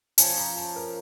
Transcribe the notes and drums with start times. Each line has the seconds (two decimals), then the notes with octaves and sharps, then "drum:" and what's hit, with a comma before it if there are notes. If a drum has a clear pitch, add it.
0.18 F3 C#4 F4 A5, drum: hi-hat
0.37 A#5
0.56 A5
0.76 A#4